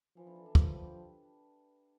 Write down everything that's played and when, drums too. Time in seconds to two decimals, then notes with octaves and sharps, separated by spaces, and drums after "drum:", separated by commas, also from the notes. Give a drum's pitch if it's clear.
0.17 E3 F3
0.27 D3
0.36 E3
0.46 D4
0.55 F3 B4, drum: kick
0.65 A4
0.74 G4
0.84 B4